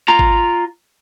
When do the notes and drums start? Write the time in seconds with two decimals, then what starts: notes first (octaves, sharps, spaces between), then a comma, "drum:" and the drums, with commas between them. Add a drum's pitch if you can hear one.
0.08 F4 A#5
0.19 drum: kick G#1